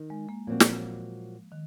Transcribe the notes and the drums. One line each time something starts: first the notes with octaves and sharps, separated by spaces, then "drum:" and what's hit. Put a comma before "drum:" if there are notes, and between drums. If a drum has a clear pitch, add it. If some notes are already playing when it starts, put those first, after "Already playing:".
Already playing: D#3
G#3
A#3
A#2 F3 F#3 C4 F#4
drum: snare
D#3